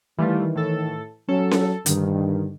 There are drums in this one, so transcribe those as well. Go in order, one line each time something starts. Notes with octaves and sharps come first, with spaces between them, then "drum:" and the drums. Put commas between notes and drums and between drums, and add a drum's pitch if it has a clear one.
D#3 E3 G3 A3 F4
A2 A4
F#3 C#4 A4
drum: snare C#4
G2 D3 D#3, drum: hi-hat